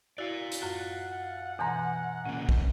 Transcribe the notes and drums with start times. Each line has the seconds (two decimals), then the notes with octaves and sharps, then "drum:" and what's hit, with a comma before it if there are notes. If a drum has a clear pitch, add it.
0.18 E4 F#4 D5 F5 A6
0.52 drum: hi-hat
0.62 F#2 F4 F#4 F#5
1.59 B2 E3 G#5 A#5 C6
2.25 A#2 C#3 A#3 C#4
2.49 drum: kick